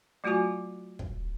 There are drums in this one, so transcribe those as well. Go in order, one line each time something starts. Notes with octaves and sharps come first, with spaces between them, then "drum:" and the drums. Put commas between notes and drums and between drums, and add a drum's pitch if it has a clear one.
F#3 A3 F4 F#4 G#5 D6
drum: kick